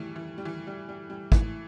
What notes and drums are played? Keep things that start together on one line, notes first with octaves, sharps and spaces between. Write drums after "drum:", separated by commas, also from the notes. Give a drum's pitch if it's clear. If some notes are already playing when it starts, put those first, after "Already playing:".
Already playing: E3 G3 A3
E3
G3
E3
G3
G3
G3
E3 A3, drum: kick